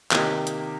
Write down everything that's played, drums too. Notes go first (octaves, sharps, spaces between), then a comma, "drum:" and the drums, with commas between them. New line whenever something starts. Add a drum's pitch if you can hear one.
C3 D#3 A#3 D#4 G4, drum: clap
drum: hi-hat